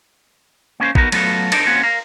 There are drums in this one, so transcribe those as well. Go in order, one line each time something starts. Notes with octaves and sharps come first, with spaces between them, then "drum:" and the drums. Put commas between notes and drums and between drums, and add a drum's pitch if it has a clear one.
A#3 C#4 B4 C5
B3 D#4 F#4 A#4, drum: kick A1
F#3 A3 B3 F4 F#4 A4, drum: cymbal
D4 D#4 A4 A#4 C5 D5, drum: cymbal
A#3 C4 C#4 F#4 F#5
A#4 F5